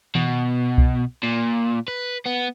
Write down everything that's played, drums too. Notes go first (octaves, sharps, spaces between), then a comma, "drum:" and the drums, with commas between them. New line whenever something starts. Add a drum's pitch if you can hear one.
B2, drum: tom D#3
drum: kick C2
A#2
B4
B3